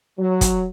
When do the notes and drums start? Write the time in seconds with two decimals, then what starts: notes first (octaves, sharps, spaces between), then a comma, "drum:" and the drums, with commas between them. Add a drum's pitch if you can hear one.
0.19 F#3
0.41 drum: kick, hi-hat